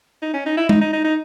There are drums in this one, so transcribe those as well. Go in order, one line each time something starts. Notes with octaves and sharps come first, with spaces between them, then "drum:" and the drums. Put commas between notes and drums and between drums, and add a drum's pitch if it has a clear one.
D#4
C#4
D#4
E4
D#4, drum: tom G#3
D#4
D#4
D#4